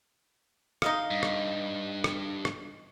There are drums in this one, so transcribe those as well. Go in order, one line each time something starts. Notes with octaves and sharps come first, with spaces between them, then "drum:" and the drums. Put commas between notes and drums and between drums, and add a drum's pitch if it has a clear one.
D#4 D#5 F5, drum: rim click
G2
drum: rim click
drum: rim click
drum: rim click